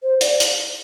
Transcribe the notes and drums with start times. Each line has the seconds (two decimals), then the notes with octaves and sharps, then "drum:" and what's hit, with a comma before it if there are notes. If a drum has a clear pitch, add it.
0.03 C5
0.21 D5, drum: hi-hat
0.40 drum: hi-hat